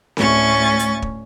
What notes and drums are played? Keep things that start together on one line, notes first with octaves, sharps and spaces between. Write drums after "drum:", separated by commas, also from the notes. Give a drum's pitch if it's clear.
D2 A2 C#4 C#6 A6, drum: snare C4
drum: hi-hat
drum: kick